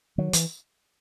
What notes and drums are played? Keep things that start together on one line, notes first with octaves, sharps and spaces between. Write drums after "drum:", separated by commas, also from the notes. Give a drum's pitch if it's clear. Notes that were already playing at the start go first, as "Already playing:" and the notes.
D#3 F#3
E3, drum: hi-hat